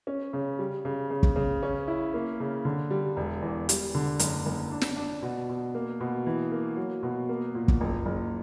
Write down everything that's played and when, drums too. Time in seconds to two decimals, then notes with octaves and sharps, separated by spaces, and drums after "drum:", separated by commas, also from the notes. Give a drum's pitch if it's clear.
0.07 C#4
0.33 C#3
0.59 G3
0.85 C#3
1.10 C#3
1.23 drum: kick
1.36 C#3
1.63 C#4
1.88 E4
2.14 A#3
2.40 C#3
2.65 D3
2.90 G3
3.17 E1
3.42 E2
3.69 G3, drum: hi-hat
3.95 D3
4.19 F#1, drum: hi-hat
4.46 F#1
4.71 D4
4.81 drum: snare
4.96 D4
5.22 B2
5.49 B2
5.75 A#3
6.00 B2
6.26 E3
6.52 A#3
6.77 F#3
7.03 B2
7.29 A#3
7.55 A#2
7.68 drum: kick
7.81 F#1
8.06 F#1